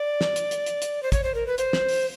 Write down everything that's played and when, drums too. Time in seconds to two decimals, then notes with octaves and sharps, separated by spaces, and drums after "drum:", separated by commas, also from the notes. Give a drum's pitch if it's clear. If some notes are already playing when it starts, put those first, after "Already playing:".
Already playing: D5
0.21 drum: snare
0.36 drum: hi-hat
0.51 drum: hi-hat
0.66 drum: hi-hat
0.82 drum: hi-hat
1.03 C5
1.12 C#5, drum: kick, hi-hat
1.24 C5
1.35 A#4
1.47 B4
1.58 C5, drum: hi-hat
1.73 drum: snare
1.89 drum: open hi-hat